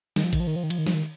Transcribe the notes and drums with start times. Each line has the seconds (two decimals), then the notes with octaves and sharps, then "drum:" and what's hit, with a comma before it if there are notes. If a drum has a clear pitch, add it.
0.16 D#3, drum: snare
0.24 F3
0.33 D#3, drum: kick A1, cymbal
0.40 F3
0.47 D#3
0.56 F3
0.63 D#3
0.70 F3, drum: cymbal
0.78 D#3
0.87 F3, drum: snare
0.94 D#3